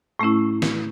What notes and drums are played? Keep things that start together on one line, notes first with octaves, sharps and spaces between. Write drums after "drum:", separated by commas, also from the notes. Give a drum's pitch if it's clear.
A2 A3 C#4 E4
drum: snare